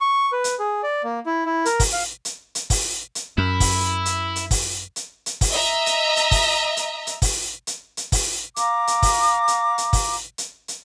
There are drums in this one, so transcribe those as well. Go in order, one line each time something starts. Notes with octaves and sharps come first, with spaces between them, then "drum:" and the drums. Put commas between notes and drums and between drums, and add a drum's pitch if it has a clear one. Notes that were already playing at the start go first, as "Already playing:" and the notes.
C#6
B4
drum: hi-hat
G#4
D5
A#3
E4
E4
A#4, drum: hi-hat
drum: kick, open hi-hat
F5
drum: hi-hat
drum: hi-hat
drum: kick, open hi-hat
drum: hi-hat
F#2 E4
drum: kick, open hi-hat
drum: hi-hat
drum: hi-hat
drum: kick, open hi-hat
drum: hi-hat
drum: hi-hat
drum: kick, open hi-hat
D#5 E5 A#5
drum: hi-hat
drum: hi-hat
drum: kick, open hi-hat
drum: hi-hat
drum: hi-hat
drum: kick, open hi-hat
drum: hi-hat
drum: hi-hat
drum: kick, open hi-hat
F5 A#5 D6, drum: hi-hat
drum: hi-hat
drum: kick, open hi-hat
drum: hi-hat
drum: hi-hat
drum: kick, open hi-hat
drum: hi-hat
drum: hi-hat